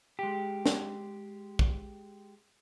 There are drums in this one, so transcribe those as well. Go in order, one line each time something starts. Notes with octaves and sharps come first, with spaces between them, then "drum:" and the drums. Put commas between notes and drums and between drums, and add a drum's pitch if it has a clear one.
G#3 G4
drum: snare
drum: kick